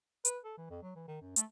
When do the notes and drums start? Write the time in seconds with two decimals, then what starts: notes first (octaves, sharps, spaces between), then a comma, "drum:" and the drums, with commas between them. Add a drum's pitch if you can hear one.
0.25 B4, drum: hi-hat
0.44 A4
0.57 E3
0.70 F2
0.82 F#3
0.95 E3
1.08 D#3
1.21 F#2
1.36 A3, drum: hi-hat